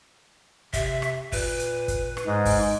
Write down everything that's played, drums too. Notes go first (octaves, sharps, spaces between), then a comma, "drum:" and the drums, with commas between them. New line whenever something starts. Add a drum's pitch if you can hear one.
C3 E5, drum: kick, hi-hat
drum: rim click
A#2 B4, drum: kick, open hi-hat
drum: hi-hat
drum: kick, hi-hat
drum: rim click
G#2 G#3
drum: kick, open hi-hat